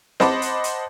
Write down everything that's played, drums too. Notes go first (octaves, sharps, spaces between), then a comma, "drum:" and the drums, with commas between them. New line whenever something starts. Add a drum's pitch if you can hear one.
C5 D#5 F#5 A5 B5 D6, drum: snare C4
drum: hi-hat
drum: hi-hat